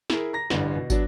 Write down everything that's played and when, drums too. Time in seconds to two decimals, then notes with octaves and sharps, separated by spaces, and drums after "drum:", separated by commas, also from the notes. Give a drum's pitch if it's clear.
0.10 E4 G#4 A#4, drum: snare
0.33 A#5 A#6
0.50 A1 G2 D3, drum: snare
0.76 B2
0.90 F#3 B3 D4, drum: kick, tambourine